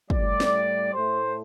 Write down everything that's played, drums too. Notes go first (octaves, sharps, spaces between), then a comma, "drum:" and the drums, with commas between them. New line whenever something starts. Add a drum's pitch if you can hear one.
A2 G3 D5, drum: kick
drum: snare
A2 A3 C5